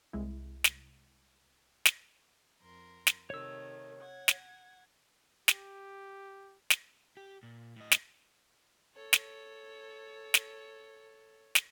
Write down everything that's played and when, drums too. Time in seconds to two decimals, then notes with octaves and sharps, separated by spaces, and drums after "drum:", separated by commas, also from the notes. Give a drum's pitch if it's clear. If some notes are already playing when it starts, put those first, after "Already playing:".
0.13 C2 G#3 E4
0.64 drum: snare
1.85 drum: snare
2.60 F2 A#4 C6
3.07 drum: snare
3.30 C3 D#3 A3 C#5 E6
4.00 F#5 G#6
4.28 drum: snare
5.48 G4, drum: snare
6.70 drum: snare
7.17 G4
7.43 A#2
7.76 A2 D#5
7.91 drum: snare
8.95 A4 C#5
9.13 drum: snare
10.34 drum: snare
11.55 drum: snare